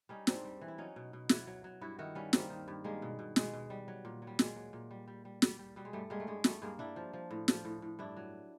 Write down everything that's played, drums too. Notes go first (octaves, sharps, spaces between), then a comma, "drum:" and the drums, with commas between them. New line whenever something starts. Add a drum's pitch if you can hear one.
G3 C#4 D#4
G#2 C4 D4, drum: snare
G3
E3
E4
F#3 C#4 D#4
B2
B2
F#3 E4 F#4, drum: snare
F#3
F#3
G2 E4 F#4
D#3 E4 F#4
G3 B3 C#4
G3 A#3 C4, drum: snare
D#3
G2
G3 G#3 A#3
B2
B2
B2 G#3, drum: snare
B2
G3
F#3
A#2
F#3
G3
A#2 G#3, drum: snare
F#3
A#2
G3
G3
G3
G3, drum: snare
G3
B2 G3
G#3
G2 G3 A3
G3 G#3 A#3
A3
G2 G#3
G2 G3 A3, drum: snare
G2 G#3 A#3
G3 D4 E4
F3
F3
A2
F3, drum: snare
A2
A2
G2 D4 E4
F#3